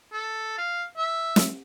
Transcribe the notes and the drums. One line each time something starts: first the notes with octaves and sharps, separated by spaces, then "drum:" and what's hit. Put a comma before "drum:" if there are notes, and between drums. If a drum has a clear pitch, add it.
A4
F5
E5
drum: snare